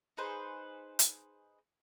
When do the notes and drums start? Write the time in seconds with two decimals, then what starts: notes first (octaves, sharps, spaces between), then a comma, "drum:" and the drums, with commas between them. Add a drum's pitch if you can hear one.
0.17 D#4 G#4 B4 C5
0.99 drum: hi-hat